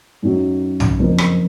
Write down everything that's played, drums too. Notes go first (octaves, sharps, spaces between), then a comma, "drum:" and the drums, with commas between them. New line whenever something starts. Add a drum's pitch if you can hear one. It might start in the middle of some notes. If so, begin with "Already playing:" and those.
F#2 D#3 F#3
drum: tom
F#1 F2 F3 A#3
drum: rim click